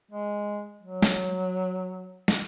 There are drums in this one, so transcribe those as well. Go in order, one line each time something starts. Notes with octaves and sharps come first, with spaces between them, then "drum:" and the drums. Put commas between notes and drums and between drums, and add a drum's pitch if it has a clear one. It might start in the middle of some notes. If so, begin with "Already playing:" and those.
G#3
F#3
drum: snare
drum: snare